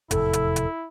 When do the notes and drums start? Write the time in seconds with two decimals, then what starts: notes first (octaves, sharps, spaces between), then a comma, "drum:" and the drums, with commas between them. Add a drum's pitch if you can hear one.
0.11 F1 E2 A2 E4 A4, drum: hi-hat
0.33 drum: hi-hat
0.56 drum: hi-hat